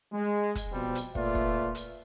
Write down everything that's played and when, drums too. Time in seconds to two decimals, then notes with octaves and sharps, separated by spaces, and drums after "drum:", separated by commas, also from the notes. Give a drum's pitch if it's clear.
0.12 G#3
0.55 drum: kick, hi-hat
0.72 B2 F3 G3 C4
0.95 drum: hi-hat
1.15 A#2 A3 F4 B4 D5 E5, drum: kick
1.35 drum: kick
1.75 drum: hi-hat